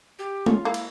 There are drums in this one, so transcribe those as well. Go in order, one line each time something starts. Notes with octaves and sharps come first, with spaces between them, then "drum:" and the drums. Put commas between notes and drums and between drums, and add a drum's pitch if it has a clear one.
G4
C#4 F4, drum: tom G#3
A#3 E4
drum: cymbal